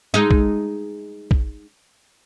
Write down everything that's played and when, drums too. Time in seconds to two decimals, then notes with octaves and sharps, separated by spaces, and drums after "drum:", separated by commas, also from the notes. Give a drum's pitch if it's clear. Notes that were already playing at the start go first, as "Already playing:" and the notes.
0.14 G#3 D#4
0.31 drum: kick
1.31 drum: kick